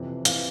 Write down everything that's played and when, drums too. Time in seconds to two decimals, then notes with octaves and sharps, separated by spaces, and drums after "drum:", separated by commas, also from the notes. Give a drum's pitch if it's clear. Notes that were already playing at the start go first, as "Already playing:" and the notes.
Already playing: F2 C3 E3
0.25 C3 E3 F5, drum: hi-hat